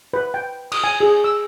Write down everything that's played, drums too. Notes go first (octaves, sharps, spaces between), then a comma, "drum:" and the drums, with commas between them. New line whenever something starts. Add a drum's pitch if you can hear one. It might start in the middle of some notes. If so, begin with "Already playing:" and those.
B4
G5
D#6, drum: cymbal
G#5
G#4
E6